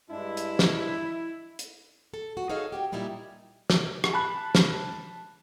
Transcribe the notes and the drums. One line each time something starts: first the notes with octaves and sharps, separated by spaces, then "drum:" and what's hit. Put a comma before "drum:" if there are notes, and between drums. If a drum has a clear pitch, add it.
G2 G#3 D4 E4
drum: hi-hat
drum: snare
drum: hi-hat
A4
F#4
D#4 G#4 A4 C#5 D#5 F5
C4 F#4 G4
A#2 G3 D#4 E4 G#5
drum: snare
drum: rim click
A5 B5 F#6
drum: snare